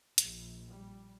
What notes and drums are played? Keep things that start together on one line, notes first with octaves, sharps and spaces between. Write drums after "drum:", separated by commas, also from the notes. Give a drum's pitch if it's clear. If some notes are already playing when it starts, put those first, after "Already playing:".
A#1, drum: hi-hat
G3